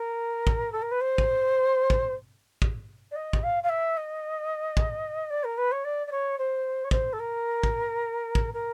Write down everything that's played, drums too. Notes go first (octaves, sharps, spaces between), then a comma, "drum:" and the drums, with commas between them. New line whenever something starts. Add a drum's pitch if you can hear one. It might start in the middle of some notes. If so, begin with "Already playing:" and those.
Already playing: A#4
drum: kick
A4
A#4
B4
C5
drum: kick
drum: kick
drum: kick
D5
D#5
drum: kick
F5
F5
E5
D#5
drum: kick
D5
A#4
B4
C#5
D5
D5
C#5
C5
C#5
C5, drum: kick
A4
A#4
drum: kick
drum: kick
A#4